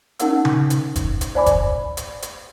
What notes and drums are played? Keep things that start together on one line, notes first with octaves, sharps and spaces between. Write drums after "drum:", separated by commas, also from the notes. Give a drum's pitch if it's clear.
C#4 D#4 A#4 F#5 E6, drum: hi-hat
drum: tom C#3
drum: hi-hat
drum: kick, hi-hat
drum: hi-hat
C5 D5 G#5 B5 D6
drum: kick, hi-hat
drum: hi-hat
drum: hi-hat